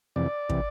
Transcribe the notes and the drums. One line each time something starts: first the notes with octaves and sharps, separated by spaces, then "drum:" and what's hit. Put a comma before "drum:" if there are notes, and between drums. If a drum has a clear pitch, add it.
F2 C3 E3 D5
C3 E3, drum: kick